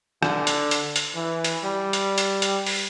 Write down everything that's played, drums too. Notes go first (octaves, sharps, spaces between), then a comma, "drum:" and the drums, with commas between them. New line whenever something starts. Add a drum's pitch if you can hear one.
D3, drum: rim click
drum: hi-hat
drum: hi-hat
drum: hi-hat
E3
drum: hi-hat
G3
drum: hi-hat
drum: hi-hat
drum: hi-hat
drum: open hi-hat